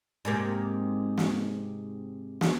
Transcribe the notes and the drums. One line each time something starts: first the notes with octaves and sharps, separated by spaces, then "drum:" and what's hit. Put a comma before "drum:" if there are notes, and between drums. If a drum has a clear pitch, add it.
G#2 C3 A#3
drum: snare
drum: snare